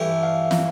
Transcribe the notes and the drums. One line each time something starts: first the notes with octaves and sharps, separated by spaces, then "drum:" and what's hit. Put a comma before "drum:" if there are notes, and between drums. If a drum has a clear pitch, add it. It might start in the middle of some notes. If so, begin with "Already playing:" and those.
Already playing: G2 E3 A3 E4 G4 E5
F5
drum: snare